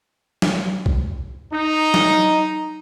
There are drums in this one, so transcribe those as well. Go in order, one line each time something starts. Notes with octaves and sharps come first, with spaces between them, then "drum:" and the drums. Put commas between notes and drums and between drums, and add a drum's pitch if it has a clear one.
drum: snare
drum: kick
D#4
drum: snare